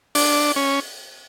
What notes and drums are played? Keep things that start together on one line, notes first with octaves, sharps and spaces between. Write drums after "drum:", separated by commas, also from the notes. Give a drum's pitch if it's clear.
D4, drum: open hi-hat
C#4